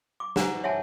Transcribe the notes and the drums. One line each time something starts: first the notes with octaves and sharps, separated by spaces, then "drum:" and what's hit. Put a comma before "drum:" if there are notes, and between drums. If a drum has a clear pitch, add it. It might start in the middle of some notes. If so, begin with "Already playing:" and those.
D6
B4 C5 F#5 G#5 A#5, drum: snare
C#5 E5 F#5 G#5 A5